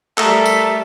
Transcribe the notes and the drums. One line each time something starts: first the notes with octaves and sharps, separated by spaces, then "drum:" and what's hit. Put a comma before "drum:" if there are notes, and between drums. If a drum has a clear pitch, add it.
G3 A3 A4 A#4 E5 A#5 D#6, drum: clap
drum: tambourine